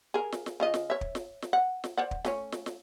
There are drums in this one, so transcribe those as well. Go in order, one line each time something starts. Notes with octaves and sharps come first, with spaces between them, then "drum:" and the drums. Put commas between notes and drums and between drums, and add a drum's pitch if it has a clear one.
G#4 A#4
drum: snare
drum: snare
C#3 F4 D#5
drum: snare
C#5 E5
drum: kick
drum: snare
drum: snare
F#5
drum: snare
C5 D5 F#5
drum: kick
A3 C#4 C#5, drum: snare
drum: snare
drum: snare